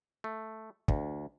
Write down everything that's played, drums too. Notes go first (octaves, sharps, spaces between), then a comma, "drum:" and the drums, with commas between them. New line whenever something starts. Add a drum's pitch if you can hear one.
A3
D2, drum: kick